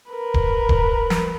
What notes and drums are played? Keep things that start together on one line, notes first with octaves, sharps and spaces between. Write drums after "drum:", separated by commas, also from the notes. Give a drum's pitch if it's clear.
A#4 B4
drum: kick D1
drum: kick D1
drum: snare